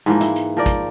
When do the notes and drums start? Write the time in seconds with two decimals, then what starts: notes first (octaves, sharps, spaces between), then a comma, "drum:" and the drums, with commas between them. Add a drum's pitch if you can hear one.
0.06 G#2 E3 F3 A#3
0.21 E4, drum: hi-hat
0.36 drum: hi-hat
0.57 F3 A#4 D5
0.66 drum: kick, hi-hat